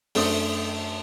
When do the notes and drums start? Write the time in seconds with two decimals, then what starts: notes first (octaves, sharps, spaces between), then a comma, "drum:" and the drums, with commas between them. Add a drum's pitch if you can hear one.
0.15 F#2 A3 D4 C5 D#6, drum: open hi-hat